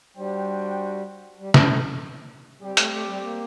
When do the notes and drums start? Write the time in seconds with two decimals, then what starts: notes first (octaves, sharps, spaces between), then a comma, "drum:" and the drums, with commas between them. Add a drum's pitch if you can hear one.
0.17 G3 D4 F#4 C5 G5
1.39 G3
1.54 G3, drum: snare
1.70 A3
2.61 G3 C4 G4 D5
2.77 A3, drum: hi-hat
2.92 A3
3.07 G3
3.23 A#3